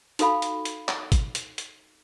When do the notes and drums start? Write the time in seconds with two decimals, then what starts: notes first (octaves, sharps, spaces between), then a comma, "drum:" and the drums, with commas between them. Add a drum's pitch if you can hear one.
0.19 D#4 F#4 A4 F5 B5, drum: hi-hat
0.42 drum: hi-hat
0.65 drum: hi-hat
0.89 drum: clap
1.12 drum: kick, hi-hat
1.35 drum: hi-hat
1.58 drum: hi-hat